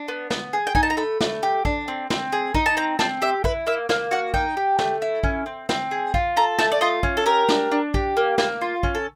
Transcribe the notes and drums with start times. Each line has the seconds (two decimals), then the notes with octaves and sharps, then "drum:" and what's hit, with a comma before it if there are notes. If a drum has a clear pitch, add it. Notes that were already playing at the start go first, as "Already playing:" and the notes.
Already playing: D4
0.08 B3
0.30 B3, drum: snare
0.53 G#4
0.67 G5
0.75 D#4 G#5, drum: kick
0.83 A5
0.90 A#5
0.97 A3 B5
1.21 A3, drum: snare
1.43 G4
1.65 D4, drum: kick
1.88 C4
2.10 C4, drum: snare
2.32 G#4
2.54 D#4, drum: kick
2.66 A5
2.77 C4 A#5
2.99 C4 A5, drum: snare
3.22 G4 E5
3.44 E4 B4, drum: kick
3.67 A#3 E5
3.89 A#3 F5, drum: snare
4.11 F#4 F#5
4.34 D#4 G5, drum: kick
4.57 G4
4.79 A3, drum: snare
5.02 E4
5.24 C#4, drum: kick
5.46 C4
5.69 C4, drum: snare
5.91 G#4
6.14 F4, drum: kick
6.37 A4 A#5
6.59 A3 A5, drum: snare
6.72 D5
6.81 F4 D#5
7.03 C#4, drum: kick
7.17 A4
7.26 G4 A#4
7.49 D4, drum: snare
7.72 D4
7.94 G4, drum: kick
8.17 A#3
8.38 A#3, drum: snare
8.61 F4
8.83 C#4, drum: kick
8.95 A4